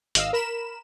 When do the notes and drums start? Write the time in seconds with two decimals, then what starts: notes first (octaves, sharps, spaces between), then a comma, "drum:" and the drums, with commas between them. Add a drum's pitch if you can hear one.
0.15 G#1 D#5 F5 E6, drum: hi-hat
0.33 A#4 B5 E7